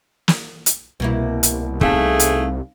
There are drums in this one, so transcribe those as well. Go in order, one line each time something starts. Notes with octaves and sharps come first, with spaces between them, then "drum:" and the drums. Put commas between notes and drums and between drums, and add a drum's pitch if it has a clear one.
drum: snare
drum: hi-hat
C2 B2 A#3 E4
drum: hi-hat
A3 C4 D#4 G#4 F5, drum: kick
drum: hi-hat